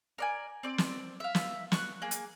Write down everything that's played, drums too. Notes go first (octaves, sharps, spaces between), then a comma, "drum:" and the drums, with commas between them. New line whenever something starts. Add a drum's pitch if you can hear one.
A#4 D5 G#5
C4 D5
drum: snare
E5 F5
drum: snare
C#6 F#6, drum: snare
A#3 G#4
drum: hi-hat